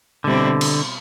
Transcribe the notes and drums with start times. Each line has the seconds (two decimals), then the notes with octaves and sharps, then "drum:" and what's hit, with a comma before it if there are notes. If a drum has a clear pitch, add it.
0.24 B2 D3 G3 C4 E4
0.61 drum: cymbal